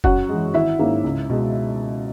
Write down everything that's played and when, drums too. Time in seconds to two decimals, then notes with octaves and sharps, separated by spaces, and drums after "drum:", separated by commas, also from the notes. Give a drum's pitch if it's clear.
0.04 F#2 F#4 F#5, drum: kick
0.29 E3 G#3
0.54 G#1 E4 E5
0.79 G#2 D#3 A#3 C#4
1.04 C#2
1.29 B2 G#3